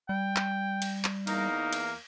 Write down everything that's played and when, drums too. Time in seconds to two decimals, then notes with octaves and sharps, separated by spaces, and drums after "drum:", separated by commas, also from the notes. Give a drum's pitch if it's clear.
0.09 G3 G5
0.36 drum: clap
0.82 drum: cymbal
1.04 drum: clap
1.27 E2 A#3 D#4, drum: cymbal
1.73 drum: cymbal